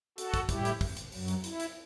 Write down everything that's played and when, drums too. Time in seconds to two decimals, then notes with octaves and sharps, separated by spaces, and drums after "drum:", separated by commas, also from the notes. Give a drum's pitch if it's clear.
0.18 F#4 A4, drum: hi-hat
0.34 drum: kick, hi-hat
0.49 A2 G3 E4 G4, drum: kick, hi-hat
0.65 drum: hi-hat
0.81 drum: kick, open hi-hat
0.97 drum: hi-hat
1.12 F#2 F#3, drum: open hi-hat
1.28 drum: hi-hat
1.44 E4, drum: hi-hat
1.60 drum: hi-hat